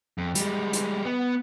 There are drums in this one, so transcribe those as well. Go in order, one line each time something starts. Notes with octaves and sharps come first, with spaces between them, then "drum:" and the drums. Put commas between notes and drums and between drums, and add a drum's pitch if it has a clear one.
F2
G3 G#3, drum: hi-hat
drum: hi-hat
B3